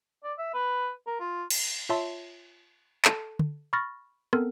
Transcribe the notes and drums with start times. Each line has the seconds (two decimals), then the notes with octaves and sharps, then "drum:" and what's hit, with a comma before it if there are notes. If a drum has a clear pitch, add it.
0.24 D5
0.38 E5
0.54 B4
1.07 A#4
1.20 F4
1.50 drum: cymbal
1.89 F4 C#5 E5 A5 C6
3.05 A4 A5, drum: clap
3.39 drum: tom
3.73 B5 C#6 F6 A6 A#6
4.33 B3 C4 A4 A#4, drum: rim click